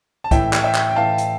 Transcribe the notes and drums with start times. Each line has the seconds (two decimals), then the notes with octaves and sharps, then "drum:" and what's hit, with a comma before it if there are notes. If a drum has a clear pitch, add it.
0.24 A5
0.31 A2 E3 E5 G5, drum: kick C2, hi-hat
0.53 drum: clap
0.64 E5 G5
0.75 drum: clap
0.90 G5
0.96 A2 E3 F5 A5
1.18 drum: hi-hat